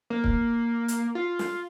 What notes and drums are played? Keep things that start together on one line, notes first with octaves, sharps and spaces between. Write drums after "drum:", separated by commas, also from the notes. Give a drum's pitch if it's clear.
A#3
drum: kick
drum: hi-hat
F4
drum: snare